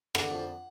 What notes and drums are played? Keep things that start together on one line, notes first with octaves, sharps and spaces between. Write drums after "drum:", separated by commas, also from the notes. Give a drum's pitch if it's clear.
D3 F#5, drum: rim click
F2